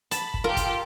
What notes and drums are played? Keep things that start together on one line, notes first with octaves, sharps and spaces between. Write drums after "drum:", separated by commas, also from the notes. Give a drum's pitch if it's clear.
A5 B5, drum: hi-hat
drum: kick
F4 G4 A4 A#4
drum: kick, hi-hat